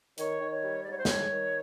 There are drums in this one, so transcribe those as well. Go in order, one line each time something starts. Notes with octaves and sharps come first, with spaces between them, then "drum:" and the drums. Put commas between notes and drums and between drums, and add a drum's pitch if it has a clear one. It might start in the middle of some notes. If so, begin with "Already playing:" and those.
D#3 C#5, drum: hi-hat
D#3
C#5
G3
G#2 D5
C#5
C5
G3 C#5, drum: snare
D#3